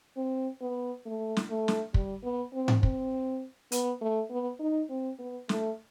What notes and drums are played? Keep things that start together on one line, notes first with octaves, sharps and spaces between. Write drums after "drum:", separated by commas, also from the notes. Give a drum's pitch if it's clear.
C4
B3
A3
drum: snare
A3
drum: snare
G3, drum: kick
B3
C4
drum: tom G#2
C4, drum: kick
B3, drum: hi-hat
A3
B3
D#4
C4
B3
A3, drum: snare